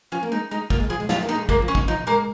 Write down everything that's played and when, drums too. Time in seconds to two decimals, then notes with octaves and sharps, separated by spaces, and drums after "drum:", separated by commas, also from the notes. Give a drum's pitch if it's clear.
0.12 F3 C#4
0.23 A#3
0.32 G#3 D#4
0.51 G#3 D#4
0.70 A#3 F4, drum: kick
0.80 G#3
0.90 F3 G#4
1.00 G#3
1.09 F3 F4, drum: snare
1.23 A#3
1.29 D#4
1.35 G#3
1.49 G#3 A#3, drum: kick
1.62 F3
1.68 C#4
1.75 D#3, drum: kick
1.88 F3 D#4
2.07 G#3 A#3 A#4